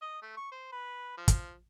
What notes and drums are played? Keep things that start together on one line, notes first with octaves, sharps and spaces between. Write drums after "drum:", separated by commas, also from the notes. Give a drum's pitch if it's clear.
D#5
A3
C#6
C5
B4
F3
drum: kick, hi-hat